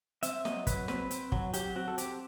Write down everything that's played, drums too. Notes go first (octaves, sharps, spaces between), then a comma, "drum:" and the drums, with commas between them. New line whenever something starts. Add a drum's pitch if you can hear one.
C4 E5, drum: hi-hat
F#3 D#5, drum: snare
F#3 B4, drum: kick, hi-hat
C4 B4, drum: snare
C4, drum: hi-hat
F#3, drum: kick
F#3 G4, drum: hi-hat
C4 F#4
A4
C4 G4, drum: hi-hat